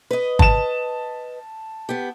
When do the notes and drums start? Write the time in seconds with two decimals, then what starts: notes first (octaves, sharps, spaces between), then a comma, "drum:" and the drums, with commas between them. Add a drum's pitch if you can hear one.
0.11 B4 D#5
0.39 A5 E7, drum: kick
1.89 B3 G4